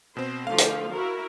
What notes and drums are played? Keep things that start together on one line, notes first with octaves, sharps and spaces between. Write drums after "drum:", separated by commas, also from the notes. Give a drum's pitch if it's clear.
B2 C4 C5
D3 F3 A3 F5
drum: hi-hat
E4 F#4 A#4